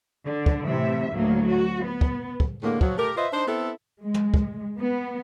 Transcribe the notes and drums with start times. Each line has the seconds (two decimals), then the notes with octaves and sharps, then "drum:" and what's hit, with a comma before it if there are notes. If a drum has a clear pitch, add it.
0.26 D3
0.46 drum: kick
0.66 A2 C3 E3 E5
1.11 D2 A2 F#3 A#3
1.49 F#4
1.85 B3
2.01 drum: kick
2.40 drum: kick
2.63 A2 D3 G#3 A#3
2.81 F3 F#3, drum: kick
2.98 A3 G4 A#4
3.17 F4 B4 C5 D#5 E5
3.33 D4 D#4 C5
3.48 B3 C4 E4 A4
4.02 G#3
4.14 drum: tom
4.34 drum: kick
4.79 B3